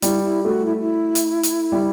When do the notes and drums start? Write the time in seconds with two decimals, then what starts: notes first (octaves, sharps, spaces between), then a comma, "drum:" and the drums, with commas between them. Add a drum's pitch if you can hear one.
0.02 G3 E4, drum: hi-hat
0.23 E4
0.44 A3 F#4
0.66 E4
0.81 E4
1.15 drum: hi-hat
1.43 drum: hi-hat
1.72 G3